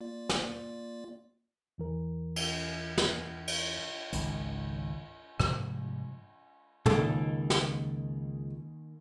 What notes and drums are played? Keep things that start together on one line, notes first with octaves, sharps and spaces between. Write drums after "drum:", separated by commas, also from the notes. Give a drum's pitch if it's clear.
A#3 F4 D5
drum: snare
E2 E3 A#4
drum: cymbal
drum: snare
drum: cymbal
G#1 C#2 D#3, drum: hi-hat
G#2 C3 F3 G3, drum: rim click
C#2 D#3 A#3 A4, drum: tom
drum: snare